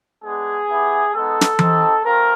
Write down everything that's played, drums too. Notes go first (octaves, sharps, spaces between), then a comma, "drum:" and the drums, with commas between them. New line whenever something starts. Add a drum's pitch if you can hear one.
G#3 B3 D4 G#4
B3 E4 G4
G#3 B3 D#4 A4
drum: snare
C4 D#4 G4, drum: tom E3
A3 C4 F4 A#4